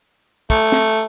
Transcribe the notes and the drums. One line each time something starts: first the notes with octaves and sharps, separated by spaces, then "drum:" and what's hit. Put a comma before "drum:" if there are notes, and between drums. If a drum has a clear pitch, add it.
A3, drum: kick, hi-hat
drum: snare